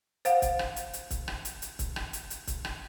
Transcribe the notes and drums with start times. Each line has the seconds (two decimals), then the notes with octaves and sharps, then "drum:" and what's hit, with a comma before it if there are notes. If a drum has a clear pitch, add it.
0.25 C5 F5 F#5, drum: hi-hat
0.42 drum: kick, hi-hat
0.59 drum: rim click
0.76 drum: hi-hat
0.93 drum: hi-hat
1.11 drum: kick, hi-hat
1.28 drum: rim click
1.45 drum: hi-hat
1.62 drum: hi-hat
1.79 drum: kick, hi-hat
1.96 drum: rim click
2.13 drum: hi-hat
2.30 drum: hi-hat
2.47 drum: kick, hi-hat
2.65 drum: rim click